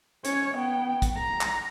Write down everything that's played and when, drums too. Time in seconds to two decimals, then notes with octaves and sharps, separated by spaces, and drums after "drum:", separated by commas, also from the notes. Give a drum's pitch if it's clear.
0.25 C#4 C#5, drum: hi-hat
0.55 B3 G5
1.02 drum: kick, hi-hat
1.18 A#5
1.41 drum: clap